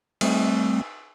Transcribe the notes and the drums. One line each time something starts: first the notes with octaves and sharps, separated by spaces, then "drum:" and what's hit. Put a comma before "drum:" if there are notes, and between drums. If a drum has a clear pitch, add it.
G3 A3 C4, drum: cymbal